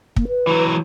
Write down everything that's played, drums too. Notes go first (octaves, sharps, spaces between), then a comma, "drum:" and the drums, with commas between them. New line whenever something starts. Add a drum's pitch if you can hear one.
A#3, drum: kick
B4
E3 F#3